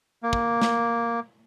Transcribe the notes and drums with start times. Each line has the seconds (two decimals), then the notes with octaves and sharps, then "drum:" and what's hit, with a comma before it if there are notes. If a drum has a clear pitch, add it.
0.23 A#3
0.33 drum: kick
0.62 drum: snare